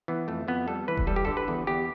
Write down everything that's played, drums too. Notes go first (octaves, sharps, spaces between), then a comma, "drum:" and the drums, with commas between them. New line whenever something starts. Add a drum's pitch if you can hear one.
E3 B3
F2 A3
F2 B3
G3 A4
E3 B4
drum: kick E1
G3 A4
G4
D3 A4
B4
E2
E2 G4